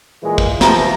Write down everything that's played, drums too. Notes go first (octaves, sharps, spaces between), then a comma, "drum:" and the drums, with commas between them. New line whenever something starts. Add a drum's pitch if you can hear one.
A#2 E3 G#3
drum: kick
C3 E3 F3 A#5, drum: snare